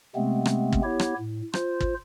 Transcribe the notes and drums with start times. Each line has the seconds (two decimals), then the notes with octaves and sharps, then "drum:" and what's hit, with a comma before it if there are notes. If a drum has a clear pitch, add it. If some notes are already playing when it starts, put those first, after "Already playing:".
0.15 C3 G#3 A3 B3 C4
0.46 drum: rim click
0.72 drum: kick
0.84 B3 E4 G4 C#5
0.99 drum: rim click
1.18 A2
1.53 F4 C5, drum: rim click
1.80 drum: kick